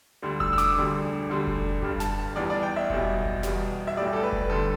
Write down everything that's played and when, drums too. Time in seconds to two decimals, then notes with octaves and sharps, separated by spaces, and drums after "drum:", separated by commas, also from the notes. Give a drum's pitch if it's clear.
0.22 D2 D3 G3
0.40 E6, drum: kick F1
0.53 E6
0.58 D6, drum: snare
0.76 E1 D2 D3 G3
1.29 E1 D2 D3 G3
1.47 drum: kick F1
1.82 G1 G2 G3, drum: kick F1
2.00 A5, drum: snare
2.36 E2 E3 G3 D5
2.50 D5
2.63 G5
2.76 E5
2.90 B1 B2 G3, drum: kick F1
3.25 drum: kick F1
3.43 E2 B2 G3, drum: snare
3.87 E5
3.97 B1 A2 G3 D5
4.13 A4
4.23 B4
4.32 drum: kick F1
4.50 D2 D3 G3 A4